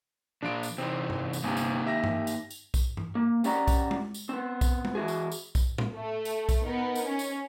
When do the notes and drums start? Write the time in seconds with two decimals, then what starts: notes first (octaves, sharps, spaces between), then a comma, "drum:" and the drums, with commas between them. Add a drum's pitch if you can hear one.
0.42 A#2 F3 D4 F4 D7
0.63 drum: tambourine
0.78 C3 E3 C4 D#4
1.10 drum: tom G2
1.33 drum: tambourine
1.44 G1 C3 A#3 D#4 G#5
1.57 drum: tambourine
1.85 G4 E5 A#6
2.04 drum: tom G2
2.27 drum: tambourine
2.50 drum: tambourine
2.74 drum: kick B1, tambourine
2.97 drum: tom G2
3.15 A#3
3.44 C4 C#4 G4 D5 F#5 A#5, drum: tambourine
3.68 drum: kick B1, tambourine
3.91 drum: tom G#3
4.14 drum: tambourine
4.29 B3 C4
4.61 drum: kick B1, tambourine
4.85 drum: tom G#3
4.95 E3 E4 F#4 G#4
5.08 drum: tambourine
5.32 drum: tambourine
5.55 drum: kick B1, tambourine
5.78 drum: tom A2
5.94 A3
6.25 drum: tambourine
6.49 drum: kick B1, tambourine
6.64 B3 D#4 A#4
6.96 drum: tambourine
7.06 C#4
7.19 drum: tambourine